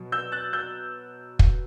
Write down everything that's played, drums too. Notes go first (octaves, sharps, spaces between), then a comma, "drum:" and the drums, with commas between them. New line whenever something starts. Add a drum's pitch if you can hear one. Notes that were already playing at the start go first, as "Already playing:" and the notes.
Already playing: B2 F#3
E6 G6
F#6 A6
E6 G6
drum: kick